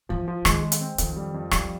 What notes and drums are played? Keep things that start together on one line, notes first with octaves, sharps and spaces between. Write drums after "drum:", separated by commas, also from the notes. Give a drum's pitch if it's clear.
E3 F3
F3
D#3 G#3, drum: rim click
G#3
drum: hi-hat
C4
F2 D#3, drum: hi-hat
G3
F2
F3 G3, drum: rim click